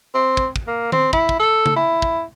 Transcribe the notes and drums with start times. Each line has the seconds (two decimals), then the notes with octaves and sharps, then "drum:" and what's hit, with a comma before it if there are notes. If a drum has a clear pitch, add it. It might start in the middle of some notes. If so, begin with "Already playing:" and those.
0.15 C4
0.37 drum: kick
0.56 drum: kick
0.67 A#3
0.92 C4, drum: tom D#3
1.13 E4, drum: kick
1.29 drum: kick
1.39 A4
1.66 drum: tom C#3
1.76 E4
2.02 drum: kick